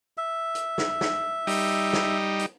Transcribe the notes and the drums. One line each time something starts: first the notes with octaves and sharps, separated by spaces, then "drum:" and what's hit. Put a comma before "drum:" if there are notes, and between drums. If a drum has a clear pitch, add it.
E5
drum: hi-hat
drum: snare
drum: snare
G3 D#4, drum: open hi-hat
drum: snare
drum: hi-hat